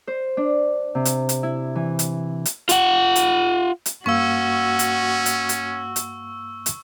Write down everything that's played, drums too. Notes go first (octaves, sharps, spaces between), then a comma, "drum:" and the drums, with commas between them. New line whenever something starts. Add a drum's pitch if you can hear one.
C5
D4
C3
drum: hi-hat
drum: hi-hat
E4
E3
drum: hi-hat
drum: hi-hat
F4 F#5, drum: hi-hat
drum: hi-hat
drum: hi-hat
G2 A#3 C#4 F#4 F5 C#6 E6
drum: hi-hat
drum: hi-hat
drum: hi-hat
drum: hi-hat
drum: hi-hat